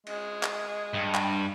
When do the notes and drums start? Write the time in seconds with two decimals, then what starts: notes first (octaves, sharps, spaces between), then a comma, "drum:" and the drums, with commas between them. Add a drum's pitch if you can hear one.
0.06 G#3, drum: cymbal
0.43 drum: clap
0.94 G2
1.14 drum: clap